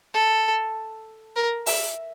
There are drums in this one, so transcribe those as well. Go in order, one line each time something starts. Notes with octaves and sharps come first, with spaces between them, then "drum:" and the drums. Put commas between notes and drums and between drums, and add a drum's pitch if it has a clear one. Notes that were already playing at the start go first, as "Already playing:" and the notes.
A4
A#4
E5, drum: open hi-hat